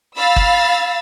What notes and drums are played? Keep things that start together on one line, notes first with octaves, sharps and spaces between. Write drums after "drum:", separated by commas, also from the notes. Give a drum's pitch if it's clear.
F5 B5 E6 A6
drum: kick